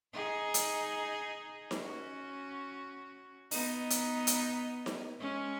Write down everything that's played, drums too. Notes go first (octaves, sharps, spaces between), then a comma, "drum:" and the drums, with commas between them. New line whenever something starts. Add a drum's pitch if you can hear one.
D#4 G#4
drum: hi-hat
drum: snare D#4
C#4 F#4
B3 D#4, drum: open hi-hat
drum: hi-hat
drum: hi-hat
drum: snare D#4
G#3 C#4